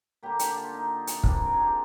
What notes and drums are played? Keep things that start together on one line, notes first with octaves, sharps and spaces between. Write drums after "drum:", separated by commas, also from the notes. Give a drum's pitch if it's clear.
D3 G3 A#3 G4
G4, drum: hi-hat
F4
D#4
drum: hi-hat
C3 G3 A#3 D4, drum: kick
A#4
G#4
G4
F4